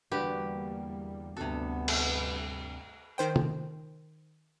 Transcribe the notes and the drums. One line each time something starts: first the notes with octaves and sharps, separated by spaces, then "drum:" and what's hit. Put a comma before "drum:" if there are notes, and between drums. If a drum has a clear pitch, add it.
E2 D3 G3 A#3 F#4 G4 B4
D2 G2 C3 B3 D4 F#4 A4
drum: cymbal
D#3 C5 G5
drum: tom